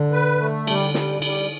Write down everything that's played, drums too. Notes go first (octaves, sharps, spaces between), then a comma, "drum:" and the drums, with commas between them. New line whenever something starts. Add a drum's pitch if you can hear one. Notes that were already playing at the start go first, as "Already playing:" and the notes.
Already playing: D3
B4
A3
D3 G3, drum: cymbal
G3, drum: snare
G3, drum: cymbal